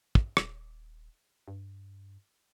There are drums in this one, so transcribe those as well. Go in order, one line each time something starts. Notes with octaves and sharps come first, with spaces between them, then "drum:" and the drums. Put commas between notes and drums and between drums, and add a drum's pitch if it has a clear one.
drum: kick
D#1, drum: rim click
G2